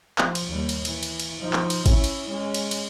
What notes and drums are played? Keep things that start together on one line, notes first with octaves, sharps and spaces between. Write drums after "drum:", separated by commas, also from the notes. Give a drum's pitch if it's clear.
F3, drum: clap
drum: cymbal
D#2 G3
drum: cymbal
E3, drum: cymbal
drum: cymbal
drum: cymbal
F3 D#4
drum: clap
drum: cymbal
C#4 E4, drum: kick, cymbal
drum: cymbal
G#3 C#4
drum: cymbal
drum: cymbal